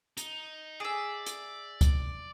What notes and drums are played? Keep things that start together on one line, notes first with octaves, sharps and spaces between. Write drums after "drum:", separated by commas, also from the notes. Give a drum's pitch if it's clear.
D#4, drum: hi-hat
G#4 D5 E5
drum: hi-hat
drum: kick C#2, hi-hat